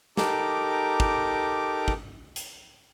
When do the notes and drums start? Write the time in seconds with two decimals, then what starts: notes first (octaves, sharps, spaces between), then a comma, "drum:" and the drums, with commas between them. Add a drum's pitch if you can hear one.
0.17 D#4 G4 A4 A#4 D6, drum: snare
1.00 drum: kick
1.88 drum: kick
2.36 drum: hi-hat